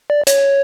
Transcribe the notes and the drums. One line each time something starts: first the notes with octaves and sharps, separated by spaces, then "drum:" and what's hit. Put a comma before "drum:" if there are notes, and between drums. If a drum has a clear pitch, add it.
D5
C#5, drum: hi-hat